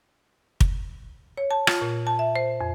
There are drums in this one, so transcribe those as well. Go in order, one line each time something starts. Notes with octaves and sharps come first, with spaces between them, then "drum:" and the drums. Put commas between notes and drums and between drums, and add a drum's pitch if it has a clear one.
drum: kick
C#5
A5
F4, drum: rim click
A#2
A5
E5
C5
F2